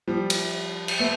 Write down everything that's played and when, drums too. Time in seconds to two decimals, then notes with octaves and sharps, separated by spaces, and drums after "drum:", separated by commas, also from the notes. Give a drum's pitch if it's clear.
0.07 F3 G3
0.30 drum: cymbal
0.88 drum: cymbal
1.00 A3 B3